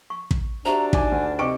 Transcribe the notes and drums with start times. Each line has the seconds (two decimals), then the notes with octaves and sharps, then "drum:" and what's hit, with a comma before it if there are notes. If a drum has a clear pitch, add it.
0.10 C#6
0.31 drum: kick
0.65 D4 F#4 G4 C5 E5 A#5
0.93 D#4 D5 G#5 D6, drum: kick
1.12 D2
1.39 C3 B4 D#5 G5 C#6 D6 D7